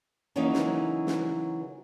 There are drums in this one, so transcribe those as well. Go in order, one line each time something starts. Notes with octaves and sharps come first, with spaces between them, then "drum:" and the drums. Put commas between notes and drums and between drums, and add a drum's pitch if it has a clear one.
C#3 E3 F#3 A#3 D#4
drum: snare
drum: snare